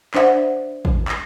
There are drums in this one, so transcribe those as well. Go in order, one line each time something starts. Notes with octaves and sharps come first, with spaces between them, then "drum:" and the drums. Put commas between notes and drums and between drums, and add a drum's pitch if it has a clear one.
D4 C5 D5 E5 F#5, drum: clap
drum: kick
drum: clap